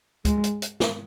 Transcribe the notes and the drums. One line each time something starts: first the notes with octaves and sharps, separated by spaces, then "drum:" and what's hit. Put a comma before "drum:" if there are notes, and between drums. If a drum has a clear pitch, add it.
G#3, drum: kick, hi-hat
drum: hi-hat
drum: hi-hat
drum: snare